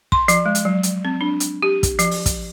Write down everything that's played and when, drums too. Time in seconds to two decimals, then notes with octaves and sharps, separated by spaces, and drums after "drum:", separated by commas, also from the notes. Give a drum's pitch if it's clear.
0.12 C6, drum: kick
0.28 F3, drum: hi-hat
0.46 G#3
0.55 drum: hi-hat
0.65 F#3
0.83 drum: hi-hat
1.05 C4
1.21 D4
1.40 drum: hi-hat
1.63 G4
1.83 drum: kick, hi-hat
1.99 F3, drum: hi-hat
2.11 drum: open hi-hat
2.26 drum: kick, hi-hat